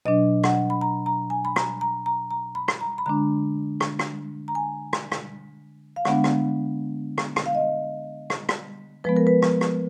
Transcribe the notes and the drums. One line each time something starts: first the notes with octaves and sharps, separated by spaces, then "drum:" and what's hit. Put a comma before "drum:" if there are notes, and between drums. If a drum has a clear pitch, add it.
B2 F#3 D4 D#5
F#5, drum: rim click
B5
A#5
A#5
G#5
B5
A#5, drum: rim click
A#5
A#5
A#5
B5
drum: rim click
A#5
B5
D3 G#3 D4 A#5
drum: rim click
drum: rim click
A#5
G#5
drum: rim click
drum: rim click
F5
D3 G#3 B3 D4 F#5, drum: rim click
drum: rim click
drum: rim click
drum: rim click
F5
D#5
drum: rim click
drum: rim click
F3 G#3 B3 B4
A#4
B4
drum: rim click
drum: rim click